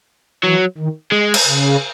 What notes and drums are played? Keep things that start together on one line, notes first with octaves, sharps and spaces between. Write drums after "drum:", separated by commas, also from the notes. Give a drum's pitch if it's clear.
E3 F#3
D#3
G#3
drum: cymbal
C#3